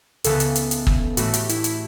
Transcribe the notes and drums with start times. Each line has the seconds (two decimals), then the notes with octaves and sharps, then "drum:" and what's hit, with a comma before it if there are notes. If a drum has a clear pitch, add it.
0.24 C#2 C#3 E3 B3 A4, drum: hi-hat
0.40 drum: hi-hat
0.56 drum: hi-hat
0.71 drum: hi-hat
0.87 drum: kick
1.17 A2 E3 A3 F#4, drum: hi-hat
1.34 G4, drum: hi-hat
1.49 E4, drum: hi-hat
1.64 E4, drum: hi-hat